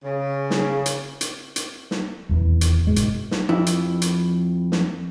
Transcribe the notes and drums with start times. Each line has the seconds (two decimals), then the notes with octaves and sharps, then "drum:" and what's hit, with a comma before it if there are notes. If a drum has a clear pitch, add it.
0.03 C#3
0.50 drum: snare
0.86 drum: hi-hat
1.21 drum: hi-hat
1.56 drum: hi-hat
1.91 drum: snare
2.29 D#1 E2 E3
2.61 drum: hi-hat
2.87 F#1 G#2 B2 G#3
2.96 drum: hi-hat
3.31 drum: snare
3.49 F2 E4
3.66 drum: hi-hat
4.02 drum: hi-hat
4.72 drum: snare